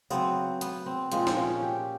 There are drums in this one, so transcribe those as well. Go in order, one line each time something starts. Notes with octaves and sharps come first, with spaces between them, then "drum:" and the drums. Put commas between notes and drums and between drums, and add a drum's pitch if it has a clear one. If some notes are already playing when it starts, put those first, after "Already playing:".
C#3 F#3 B3 C4, drum: tambourine
B3, drum: hi-hat
C4
A#2 F3 G#3 C4, drum: hi-hat
drum: snare
C#4
G4